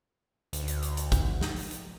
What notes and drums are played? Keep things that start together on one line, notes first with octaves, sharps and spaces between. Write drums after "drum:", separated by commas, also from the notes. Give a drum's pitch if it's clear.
D2, drum: hi-hat
drum: hi-hat
drum: hi-hat
drum: hi-hat
drum: kick, hi-hat
drum: snare
drum: open hi-hat
drum: hi-hat